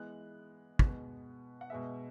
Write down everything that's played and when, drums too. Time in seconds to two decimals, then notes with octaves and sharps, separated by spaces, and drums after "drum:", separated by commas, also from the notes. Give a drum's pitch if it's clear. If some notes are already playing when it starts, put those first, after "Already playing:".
Already playing: E3 G#3 B3 F#6
0.79 B2 G#3 B3, drum: kick
1.61 F#5
1.70 B2 G#3 B3 E5